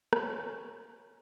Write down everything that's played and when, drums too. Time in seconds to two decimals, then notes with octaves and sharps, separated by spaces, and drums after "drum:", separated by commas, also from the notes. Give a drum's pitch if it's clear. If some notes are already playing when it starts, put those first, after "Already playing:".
0.13 C#4, drum: rim click